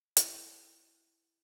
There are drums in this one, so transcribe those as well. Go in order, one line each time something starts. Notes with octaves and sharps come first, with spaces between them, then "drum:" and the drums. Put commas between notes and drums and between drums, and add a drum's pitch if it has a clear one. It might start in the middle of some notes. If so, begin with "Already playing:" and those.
E4, drum: hi-hat